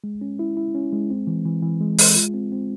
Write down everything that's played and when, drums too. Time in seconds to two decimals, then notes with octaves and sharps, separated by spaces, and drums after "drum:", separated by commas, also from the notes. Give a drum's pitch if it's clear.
0.04 G#3
0.21 C#4
0.39 E4
0.57 E4
0.75 C#4
0.92 G#3
1.10 C4
1.27 E3
1.45 E3
1.62 E3
1.81 G#3
1.98 G#3, drum: open hi-hat
2.16 F4
2.34 C4
2.52 C4